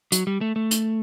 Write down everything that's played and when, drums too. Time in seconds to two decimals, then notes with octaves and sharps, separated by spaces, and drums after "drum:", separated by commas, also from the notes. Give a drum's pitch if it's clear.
0.12 F#3, drum: hi-hat
0.27 G3
0.41 A3
0.56 A3
0.71 drum: hi-hat